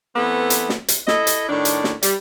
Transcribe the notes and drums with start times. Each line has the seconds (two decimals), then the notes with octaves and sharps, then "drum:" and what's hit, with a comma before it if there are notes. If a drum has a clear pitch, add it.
0.16 E3 A3 B3 C4 A4
0.50 drum: hi-hat
0.69 drum: snare
0.88 drum: hi-hat
1.08 E4 A4 D#5, drum: snare
1.27 drum: hi-hat
1.49 A2 D#3 D4
1.65 drum: hi-hat
1.84 drum: snare
2.03 G3, drum: hi-hat